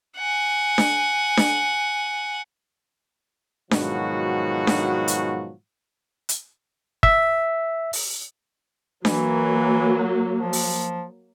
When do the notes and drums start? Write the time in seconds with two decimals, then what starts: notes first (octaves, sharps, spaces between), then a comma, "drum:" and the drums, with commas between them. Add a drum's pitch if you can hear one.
0.17 F#5 G#5
0.78 drum: snare D4
1.37 drum: snare D4
3.71 G#2 B2 D#3 F3 F#3 F#4, drum: snare D4
4.67 drum: snare D4
5.08 drum: hi-hat
6.29 drum: hi-hat
7.03 E5, drum: kick
7.93 drum: open hi-hat
9.05 E3 F#3 A#3, drum: snare D4
10.38 F3
10.53 drum: open hi-hat